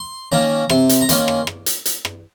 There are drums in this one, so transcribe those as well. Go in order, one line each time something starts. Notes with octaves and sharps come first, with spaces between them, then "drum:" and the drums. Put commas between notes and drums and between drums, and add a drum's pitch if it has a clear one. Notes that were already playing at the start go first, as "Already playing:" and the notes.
Already playing: C6
D#3 A#3 C#4 A#5
C3 C6, drum: rim click
drum: hi-hat
A#5
D#3 A#3 C#4 C6, drum: hi-hat
drum: rim click
drum: rim click
drum: hi-hat
drum: hi-hat
drum: rim click